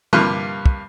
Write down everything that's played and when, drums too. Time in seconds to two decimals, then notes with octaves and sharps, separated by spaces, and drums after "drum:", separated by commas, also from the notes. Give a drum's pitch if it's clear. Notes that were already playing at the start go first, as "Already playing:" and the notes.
0.13 G2 C3 F3 A#3 F6 F#6, drum: tom D3
0.66 drum: kick